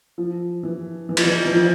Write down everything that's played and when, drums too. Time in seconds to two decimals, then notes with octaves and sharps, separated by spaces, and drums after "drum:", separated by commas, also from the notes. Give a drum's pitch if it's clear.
0.18 F3
0.63 E3
1.09 E3
1.17 F3, drum: cymbal
1.26 E3
1.46 E3
1.55 F3